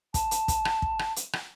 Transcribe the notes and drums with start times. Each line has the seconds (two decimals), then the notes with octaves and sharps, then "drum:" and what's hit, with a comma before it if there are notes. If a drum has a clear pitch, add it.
0.14 A5, drum: kick, hi-hat
0.31 drum: hi-hat
0.48 drum: kick, hi-hat
0.65 drum: rim click
0.82 drum: kick
0.99 drum: rim click
1.16 drum: hi-hat
1.33 drum: rim click